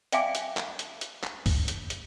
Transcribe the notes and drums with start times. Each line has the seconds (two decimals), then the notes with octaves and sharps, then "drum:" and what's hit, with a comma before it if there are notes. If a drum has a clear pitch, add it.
0.12 D5 E5 F5 G5 G#5 D6, drum: hi-hat
0.35 drum: hi-hat
0.57 drum: clap
0.79 drum: hi-hat
1.01 drum: hi-hat
1.24 drum: clap
1.46 drum: kick, open hi-hat
1.68 drum: hi-hat
1.90 drum: hi-hat